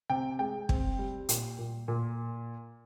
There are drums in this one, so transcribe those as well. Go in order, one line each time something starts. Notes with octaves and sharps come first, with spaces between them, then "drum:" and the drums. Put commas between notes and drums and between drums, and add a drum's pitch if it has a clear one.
C3 G5
G#3 G5
C4, drum: kick
G3
A#2, drum: hi-hat
A#2
A#2